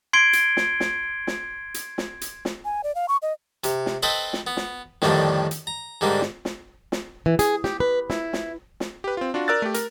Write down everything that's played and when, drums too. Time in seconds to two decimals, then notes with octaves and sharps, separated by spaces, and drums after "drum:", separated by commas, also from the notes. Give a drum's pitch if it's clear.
0.13 C6 G#6 C7 D7 G7
0.33 drum: hi-hat
0.57 drum: snare
0.80 drum: snare
1.27 drum: snare
1.74 drum: hi-hat
1.98 drum: snare
2.21 drum: hi-hat
2.45 drum: snare
2.65 G#5
2.84 D5
2.95 F5
3.09 C#6
3.22 D#5
3.64 C3, drum: hi-hat
3.86 drum: snare
4.02 C4 A4 B4 C5 D#5 B5
4.33 drum: snare
4.47 B3
4.57 drum: snare
5.02 F2 A2 D3 D#3 G3, drum: snare
5.51 drum: hi-hat
5.67 A#5
6.01 G#2 D3 G3 A#3
6.21 drum: snare
6.45 drum: snare
6.92 drum: snare
7.26 E3
7.39 G#4, drum: hi-hat
7.64 G4, drum: snare
7.80 B4
8.10 E4, drum: snare
8.33 drum: snare
8.80 drum: snare
9.04 G4 B4
9.17 C4 F4
9.34 D4 F4 F#4
9.48 A#4 D5 E6 F#6 A6
9.62 A3 G4
9.74 A#4, drum: hi-hat